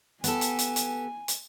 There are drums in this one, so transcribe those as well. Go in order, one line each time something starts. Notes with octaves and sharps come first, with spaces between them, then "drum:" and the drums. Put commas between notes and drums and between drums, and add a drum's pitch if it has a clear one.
B3 G4 A4 G#5, drum: hi-hat
drum: hi-hat
drum: hi-hat
drum: hi-hat
drum: hi-hat